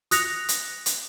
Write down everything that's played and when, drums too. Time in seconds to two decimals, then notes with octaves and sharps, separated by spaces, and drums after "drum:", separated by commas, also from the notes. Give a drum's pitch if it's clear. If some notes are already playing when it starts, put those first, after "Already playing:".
0.11 D#6 F#6 A#6 C#7 F7, drum: hi-hat
0.49 drum: hi-hat
0.86 drum: hi-hat